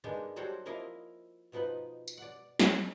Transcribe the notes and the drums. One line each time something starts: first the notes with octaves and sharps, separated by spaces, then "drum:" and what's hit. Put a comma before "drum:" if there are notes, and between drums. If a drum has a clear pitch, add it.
G#3 A#3 B3 D4 D#4
F#3 G3 F#4 A4 C5 C#5
F3 A#3 E4 A#4 D#5 F5
B2 F3 B3 D#4 B4
drum: tambourine
D5 F#5
drum: snare